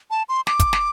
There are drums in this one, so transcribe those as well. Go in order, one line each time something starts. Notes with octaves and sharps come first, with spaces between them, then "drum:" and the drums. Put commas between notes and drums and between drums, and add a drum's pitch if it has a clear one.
A5
C6
D6, drum: snare
drum: kick, hi-hat
drum: snare